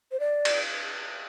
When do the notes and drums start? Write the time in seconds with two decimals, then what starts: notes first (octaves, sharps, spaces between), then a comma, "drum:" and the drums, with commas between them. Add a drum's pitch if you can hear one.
0.12 C5
0.20 D5
0.45 drum: cymbal